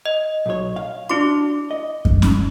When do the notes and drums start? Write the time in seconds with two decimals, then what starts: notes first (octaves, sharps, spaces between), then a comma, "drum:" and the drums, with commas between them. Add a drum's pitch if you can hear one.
0.06 D#5
0.46 B1 C#5
0.76 F5
1.09 D4 E4 F#4 C6 D6
1.71 D#5
2.05 drum: kick F#2
2.22 drum: snare C#4